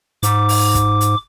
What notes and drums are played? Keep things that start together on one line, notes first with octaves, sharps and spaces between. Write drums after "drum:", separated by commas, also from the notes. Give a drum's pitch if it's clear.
G#2 D6, drum: hi-hat
drum: open hi-hat
drum: kick, hi-hat
drum: hi-hat